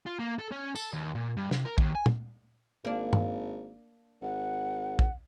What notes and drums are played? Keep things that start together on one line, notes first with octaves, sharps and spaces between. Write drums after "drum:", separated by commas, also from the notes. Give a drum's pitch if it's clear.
F4
A#3
A4
C#4
A4, drum: tambourine
D#2
A#2
G2
C3, drum: snare
A#4
D#2, drum: kick
G#5
drum: tom
G#1 A#3 D4
drum: tom G2
G#1 F#5
drum: kick